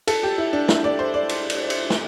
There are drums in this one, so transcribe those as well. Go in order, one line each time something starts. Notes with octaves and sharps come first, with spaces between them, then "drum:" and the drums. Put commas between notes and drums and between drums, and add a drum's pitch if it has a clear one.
A4, drum: cymbal
G4
E4
D4
E4, drum: snare
D5
C5
D5
drum: cymbal
drum: cymbal
drum: cymbal
drum: snare